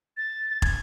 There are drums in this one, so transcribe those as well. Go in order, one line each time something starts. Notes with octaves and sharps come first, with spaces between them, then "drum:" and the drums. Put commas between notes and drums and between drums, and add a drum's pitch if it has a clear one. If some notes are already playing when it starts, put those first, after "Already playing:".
A6
A6
G#6, drum: kick